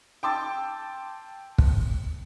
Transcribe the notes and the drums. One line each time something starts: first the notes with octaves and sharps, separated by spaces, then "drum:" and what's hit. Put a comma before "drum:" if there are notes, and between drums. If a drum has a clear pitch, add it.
G5 A5 C6 D6 E6 A6
drum: kick